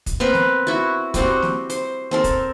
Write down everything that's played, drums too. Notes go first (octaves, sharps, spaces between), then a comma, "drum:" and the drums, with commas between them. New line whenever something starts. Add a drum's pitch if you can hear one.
drum: kick, hi-hat
B3 C4 A#4 B4
drum: snare
E4 F#4
G3 C4 F#4, drum: kick, hi-hat
drum: snare
C5, drum: hi-hat
C4 A4 A#4
drum: kick, hi-hat